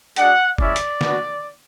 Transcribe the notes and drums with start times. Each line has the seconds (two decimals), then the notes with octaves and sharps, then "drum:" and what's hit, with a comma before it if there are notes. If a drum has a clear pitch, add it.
0.16 G#3 D4 F#4 F#5, drum: hi-hat
0.58 G#3 C#4 E4 D5, drum: kick F#1
0.76 drum: hi-hat
1.01 B3 D4 F#4, drum: snare